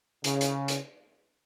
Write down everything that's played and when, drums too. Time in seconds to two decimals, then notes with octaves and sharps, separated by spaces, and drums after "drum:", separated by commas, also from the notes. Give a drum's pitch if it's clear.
0.24 C#3, drum: hi-hat
0.41 drum: hi-hat
0.68 drum: hi-hat